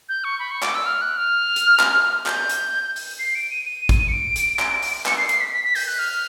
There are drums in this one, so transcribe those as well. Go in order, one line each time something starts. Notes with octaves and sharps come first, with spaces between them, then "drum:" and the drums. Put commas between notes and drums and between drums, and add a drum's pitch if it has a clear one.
G6
C#6
B5
C#6
D6, drum: clap
E6
F6
F#6
F6
drum: hi-hat
drum: clap
G6, drum: clap
drum: hi-hat
drum: open hi-hat
C7
D7
D#7
D#7
drum: kick G#1, hi-hat
C#7
D7
drum: hi-hat
drum: clap
drum: open hi-hat
C#7, drum: clap
C7
C7, drum: hi-hat
B6
B6
B6
G6, drum: open hi-hat
F#6
F6